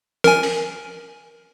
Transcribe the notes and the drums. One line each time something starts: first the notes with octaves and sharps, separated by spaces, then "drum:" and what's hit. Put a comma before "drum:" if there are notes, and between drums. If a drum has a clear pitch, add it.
A#4 G#5, drum: snare
drum: open hi-hat